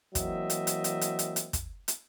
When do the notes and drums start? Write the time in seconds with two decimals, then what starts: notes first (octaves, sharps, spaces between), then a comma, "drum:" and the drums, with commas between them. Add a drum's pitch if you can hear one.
0.15 E3 F#3 A#3 C4 D#5 E5, drum: kick, hi-hat
0.50 drum: hi-hat
0.67 drum: hi-hat
0.84 drum: hi-hat
1.01 drum: hi-hat
1.19 drum: hi-hat
1.36 drum: hi-hat
1.53 drum: kick, hi-hat
1.88 drum: hi-hat